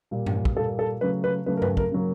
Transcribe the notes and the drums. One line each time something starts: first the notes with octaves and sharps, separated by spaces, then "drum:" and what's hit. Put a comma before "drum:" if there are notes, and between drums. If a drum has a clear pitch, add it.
A#2 G3 A#3
drum: tom G2
drum: kick
A#2 G3 A#3 A4
A4
C#3 F#3 A3 B4
B4
C#3 F#3 A3 B4
A#4
B4, drum: tom G2
A#4, drum: kick
C#3 F#3 A#3